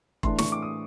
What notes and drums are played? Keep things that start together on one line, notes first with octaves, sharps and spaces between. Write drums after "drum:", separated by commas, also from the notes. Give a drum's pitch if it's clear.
A2 E3 A3 D4 C6, drum: kick E1
C#6, drum: snare
D6
D#6